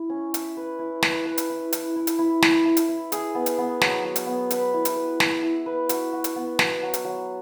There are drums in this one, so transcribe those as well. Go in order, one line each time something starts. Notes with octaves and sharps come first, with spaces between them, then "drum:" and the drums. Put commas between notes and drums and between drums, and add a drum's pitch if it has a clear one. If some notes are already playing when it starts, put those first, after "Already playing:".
Already playing: E4
C#4
E5, drum: hi-hat
B4
E4
B4, drum: snare
B4
drum: hi-hat
E4
E4, drum: hi-hat
E4
drum: hi-hat
E4
E4, drum: snare
E4
drum: hi-hat
E4
G#4, drum: hi-hat
B3
drum: hi-hat
B3
F#3, drum: snare
F#3
drum: hi-hat
B3
B4, drum: hi-hat
E4
drum: hi-hat
B4
E5, drum: snare
E4
B4
F#4, drum: hi-hat
F#4
drum: hi-hat
B3
F#4, drum: snare
F#3
drum: hi-hat
F#3